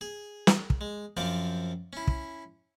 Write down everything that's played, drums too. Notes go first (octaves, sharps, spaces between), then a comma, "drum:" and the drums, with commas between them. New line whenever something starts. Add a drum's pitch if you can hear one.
G#4
drum: snare
drum: kick
G#3
F#2 F3 C4 F5 D6
C#4 E4
drum: kick